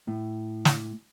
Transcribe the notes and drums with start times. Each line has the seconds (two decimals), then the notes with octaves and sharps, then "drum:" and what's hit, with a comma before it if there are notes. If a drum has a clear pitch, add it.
0.08 A2
0.65 drum: snare